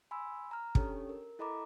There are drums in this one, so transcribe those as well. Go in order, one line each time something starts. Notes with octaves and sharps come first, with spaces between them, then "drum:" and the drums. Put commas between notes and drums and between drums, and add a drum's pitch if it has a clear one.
G#5 B5 C6 E6
A#5 F6
C#4 D4 G4 A4 C#5, drum: kick
A#4
E4 A4 D#5 A#5 B5 D6